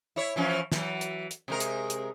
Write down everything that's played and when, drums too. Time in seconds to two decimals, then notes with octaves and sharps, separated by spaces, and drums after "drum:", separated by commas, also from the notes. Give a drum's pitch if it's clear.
0.16 E4 C#5
0.36 E3 F3 C#4
0.72 E3 F#3, drum: snare
1.01 drum: hi-hat
1.31 drum: hi-hat
1.48 C3 G#3 A#4
1.60 drum: hi-hat
1.90 drum: hi-hat